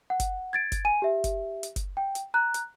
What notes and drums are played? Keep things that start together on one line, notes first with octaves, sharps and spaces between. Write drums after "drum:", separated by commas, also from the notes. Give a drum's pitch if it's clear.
F#5
drum: kick F#1, hi-hat
G#6 A6 D7
drum: kick F#1, hi-hat
G#5 D#7
G4 E5
drum: kick F#1, hi-hat
drum: hi-hat
drum: kick F#1, hi-hat
G5
drum: hi-hat
A#5 F#6
drum: hi-hat